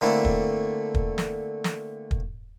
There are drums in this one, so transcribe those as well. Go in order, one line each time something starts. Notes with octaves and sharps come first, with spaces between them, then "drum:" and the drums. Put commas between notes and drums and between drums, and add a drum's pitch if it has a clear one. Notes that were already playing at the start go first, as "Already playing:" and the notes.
D3 A3 A#3 C4 D4 E4
drum: kick
drum: kick
drum: snare
drum: snare
drum: kick